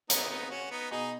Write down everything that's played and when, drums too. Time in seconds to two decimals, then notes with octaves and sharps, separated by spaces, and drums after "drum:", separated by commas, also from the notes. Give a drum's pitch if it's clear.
0.10 C#3 B3 D#4, drum: hi-hat
0.30 B3 D#4
0.50 C#4 F#4
0.71 B3 D#4
0.91 B2 D#4 G#4